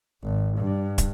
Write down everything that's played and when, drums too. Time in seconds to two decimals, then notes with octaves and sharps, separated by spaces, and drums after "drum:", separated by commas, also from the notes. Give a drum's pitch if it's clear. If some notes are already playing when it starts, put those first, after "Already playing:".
0.24 G#1
0.58 G2
0.98 drum: kick, hi-hat